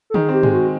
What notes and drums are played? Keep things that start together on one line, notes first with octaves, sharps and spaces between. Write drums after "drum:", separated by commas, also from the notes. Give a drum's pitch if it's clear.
A4
D#3 G#4, drum: tom D3
C4
G4
G#3, drum: tom G2
F#4